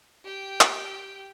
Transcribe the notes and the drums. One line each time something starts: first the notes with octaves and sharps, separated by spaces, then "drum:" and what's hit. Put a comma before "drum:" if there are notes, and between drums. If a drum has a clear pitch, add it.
G4 G5
drum: clap